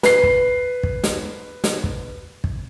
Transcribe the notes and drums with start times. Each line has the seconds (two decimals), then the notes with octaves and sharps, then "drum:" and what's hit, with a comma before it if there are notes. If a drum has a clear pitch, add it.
0.03 B4 C7, drum: snare
0.23 drum: kick
0.83 drum: kick
1.04 drum: snare
1.64 drum: snare
1.84 drum: kick
2.44 drum: kick